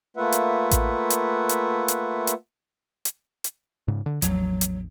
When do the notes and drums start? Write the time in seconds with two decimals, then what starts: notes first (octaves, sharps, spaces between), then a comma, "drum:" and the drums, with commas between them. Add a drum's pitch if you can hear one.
0.17 A3 A#3 F4 B4 E5 F#5
0.32 drum: hi-hat
0.71 drum: kick A1, hi-hat
1.10 drum: hi-hat
1.49 drum: hi-hat
1.88 drum: hi-hat
2.27 drum: hi-hat
3.05 drum: hi-hat
3.44 drum: hi-hat
3.88 G#2 C#3
4.06 D3
4.22 A1 E2 F3 F#3, drum: hi-hat
4.61 drum: hi-hat